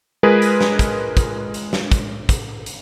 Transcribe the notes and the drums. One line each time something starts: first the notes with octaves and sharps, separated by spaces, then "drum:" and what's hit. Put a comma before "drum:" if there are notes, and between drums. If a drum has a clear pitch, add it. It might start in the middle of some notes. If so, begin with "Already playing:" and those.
G#3 F4 G#4 A#4 B4
drum: hi-hat
drum: snare
drum: kick, hi-hat
drum: kick, hi-hat
drum: hi-hat
drum: snare
drum: kick, hi-hat
drum: kick, hi-hat
drum: hi-hat